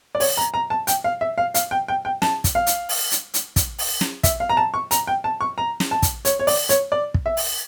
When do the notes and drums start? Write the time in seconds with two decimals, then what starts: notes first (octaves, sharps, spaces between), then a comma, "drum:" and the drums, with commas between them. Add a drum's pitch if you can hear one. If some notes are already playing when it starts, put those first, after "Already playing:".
0.15 D5
0.20 C#5, drum: open hi-hat
0.37 A#5
0.54 A#5
0.70 A5
0.87 G5, drum: hi-hat
1.04 F5
1.21 E5
1.38 F5
1.54 F5, drum: hi-hat
1.71 G5
1.88 G5
2.05 G5
2.22 A5, drum: snare
2.44 drum: kick, hi-hat
2.55 F5
2.67 drum: hi-hat
2.89 drum: open hi-hat
3.11 drum: hi-hat
3.34 drum: hi-hat
3.56 drum: kick, hi-hat
3.79 drum: open hi-hat
4.01 drum: snare
4.23 E5, drum: kick, hi-hat
4.40 F5
4.49 A#5
4.57 A5
4.74 C#6
4.91 A#5, drum: hi-hat
5.07 G5
5.24 A5
5.41 C#6
5.58 A#5
5.80 drum: snare
5.91 A5
6.02 drum: kick, hi-hat
6.25 C#5, drum: hi-hat
6.40 C#5
6.47 D5, drum: open hi-hat
6.69 C#5, drum: hi-hat
6.92 D5
7.14 drum: kick
7.26 E5
7.37 drum: open hi-hat